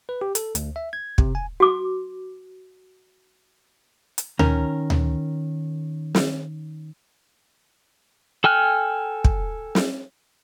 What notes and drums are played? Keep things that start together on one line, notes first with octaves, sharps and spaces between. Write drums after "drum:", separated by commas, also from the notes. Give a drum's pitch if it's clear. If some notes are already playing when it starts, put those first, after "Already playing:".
B4
G4
A4, drum: hi-hat
D2, drum: hi-hat
E5
G#6
C3, drum: kick
G#5
F#4 D6
drum: hi-hat
D#3 C#4 A#4, drum: tom D2
drum: tom D2
drum: snare
A4 G5 G#5 F6 F#6
drum: kick
drum: snare